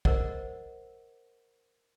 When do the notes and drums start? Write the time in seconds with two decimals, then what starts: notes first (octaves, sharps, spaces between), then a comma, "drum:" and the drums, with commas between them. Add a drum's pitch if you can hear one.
0.05 A#4 C5 D#5 F#5, drum: kick